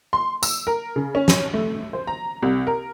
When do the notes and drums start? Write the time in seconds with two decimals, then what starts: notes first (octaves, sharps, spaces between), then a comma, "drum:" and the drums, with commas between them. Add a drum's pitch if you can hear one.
0.13 C6
0.43 E6, drum: tambourine
0.67 A#4
0.96 C#3
1.15 C#4
1.28 drum: snare
1.54 A3
1.93 C5
2.07 A#5
2.42 C2
2.67 A#4